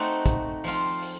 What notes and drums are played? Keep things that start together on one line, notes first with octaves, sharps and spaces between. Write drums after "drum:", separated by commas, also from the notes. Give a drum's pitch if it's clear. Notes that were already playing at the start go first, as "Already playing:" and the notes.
Already playing: A3 C4 D#4 F#4
drum: kick, hi-hat
F3 C4 F4, drum: open hi-hat
drum: open hi-hat